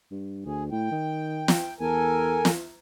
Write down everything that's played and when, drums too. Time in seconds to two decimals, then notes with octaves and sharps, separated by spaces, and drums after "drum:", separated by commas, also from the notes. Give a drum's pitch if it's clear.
0.11 G2
0.46 D2 G#4
0.72 A2 G5
0.92 D#3
1.48 drum: snare
1.80 E2 A4 A#4 G#5
2.45 drum: snare